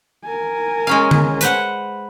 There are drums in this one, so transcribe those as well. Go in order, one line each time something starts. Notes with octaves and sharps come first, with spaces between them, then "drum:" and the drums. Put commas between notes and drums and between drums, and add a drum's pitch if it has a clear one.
A#4 G#5
G#3 C#4 F5
drum: tom D3
B4 C5 F#5, drum: hi-hat